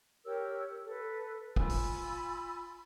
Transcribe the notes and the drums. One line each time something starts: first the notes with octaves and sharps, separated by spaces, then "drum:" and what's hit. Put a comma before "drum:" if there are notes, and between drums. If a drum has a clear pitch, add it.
G4 A#4 C#5 E6
A4 B4
F4 G#5 B5 E6, drum: kick
drum: open hi-hat